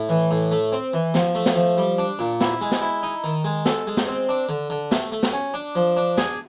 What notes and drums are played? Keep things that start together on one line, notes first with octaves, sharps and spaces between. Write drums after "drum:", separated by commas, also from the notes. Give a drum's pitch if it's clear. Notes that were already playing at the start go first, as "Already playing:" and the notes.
Already playing: A2
E3
A2
A3
C4
E3
F3, drum: snare
A3
drum: snare
F3
G3
D4
A#2
E4, drum: snare
G#3
drum: snare
E4
D#4
D#3
G#3
A4, drum: snare
G#3
drum: snare
C4
D4
D3
D3
A3, drum: snare
A3
drum: snare
C#4
D4
F3
D4
G#4, drum: snare